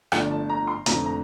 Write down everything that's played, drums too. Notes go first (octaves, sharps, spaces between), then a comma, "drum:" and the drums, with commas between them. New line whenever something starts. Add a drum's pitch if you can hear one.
G1 G2 F3 A3 D5, drum: rim click
A5
A#5
C6
F1 F2 D3 A3 C4 A#5, drum: hi-hat
A#5